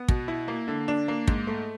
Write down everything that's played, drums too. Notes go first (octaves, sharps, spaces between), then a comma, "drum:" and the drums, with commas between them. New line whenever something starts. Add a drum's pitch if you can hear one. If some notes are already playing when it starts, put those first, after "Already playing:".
Already playing: B3
B2, drum: kick
E4
A#3
D3
D4
A#3
G#2, drum: kick
A3